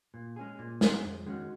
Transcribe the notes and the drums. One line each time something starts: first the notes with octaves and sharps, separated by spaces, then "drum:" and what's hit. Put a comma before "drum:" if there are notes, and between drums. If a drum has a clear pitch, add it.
A#2
G#3 C#4 G#4
A#2
G#3 C#4 G#4, drum: snare
F2
D#3 G#3 C#4 F#4